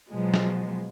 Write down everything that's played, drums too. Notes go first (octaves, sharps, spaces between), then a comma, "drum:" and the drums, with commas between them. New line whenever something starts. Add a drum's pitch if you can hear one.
B2 F3 F#3 G#3
drum: snare